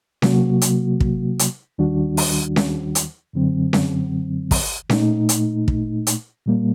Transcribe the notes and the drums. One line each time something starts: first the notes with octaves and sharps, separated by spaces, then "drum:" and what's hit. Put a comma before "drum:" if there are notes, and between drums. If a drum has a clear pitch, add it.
C3 F#3 A#3 F#4, drum: snare C#4
drum: hi-hat
drum: kick
drum: hi-hat
D#2 D#3 G3 D4 F#4
drum: open hi-hat
drum: snare C#4
drum: hi-hat
F#2 D3 F#3 C4
drum: snare C#4
drum: kick, open hi-hat
A#2 A3 D#4, drum: snare C#4
drum: hi-hat
drum: kick
drum: hi-hat
A#2 G3 A#3